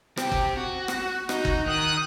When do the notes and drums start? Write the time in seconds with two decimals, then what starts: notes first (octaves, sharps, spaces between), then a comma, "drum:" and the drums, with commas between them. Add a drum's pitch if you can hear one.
0.17 C4 G4, drum: rim click
0.32 drum: kick
0.57 F#4
0.88 drum: rim click
1.29 D#4 F#4, drum: rim click
1.45 drum: kick
1.66 D#3 D#6 F#6